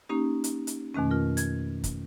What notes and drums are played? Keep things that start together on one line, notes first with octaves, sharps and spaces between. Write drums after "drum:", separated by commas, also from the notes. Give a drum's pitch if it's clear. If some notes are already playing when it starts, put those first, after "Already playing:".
A#3 C#4 D#4 G4
drum: hi-hat
drum: hi-hat
F2 B2 D#3 A3 C#4
F4 A#4
G#6, drum: hi-hat
drum: kick, hi-hat